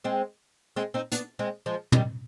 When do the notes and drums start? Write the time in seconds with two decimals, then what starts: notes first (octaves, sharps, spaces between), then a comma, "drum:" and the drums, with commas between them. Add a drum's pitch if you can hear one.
0.04 G#3 C4
0.76 G#3 C4
0.94 C4 D#4
1.12 B3 D4, drum: hi-hat
1.39 G#3 C4
1.66 F3 G#3
1.92 D#3 G3, drum: tom